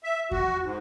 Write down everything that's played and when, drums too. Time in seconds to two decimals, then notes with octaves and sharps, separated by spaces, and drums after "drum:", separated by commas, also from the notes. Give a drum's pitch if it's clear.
0.04 E5
0.31 F#4, drum: kick E2
0.63 G#2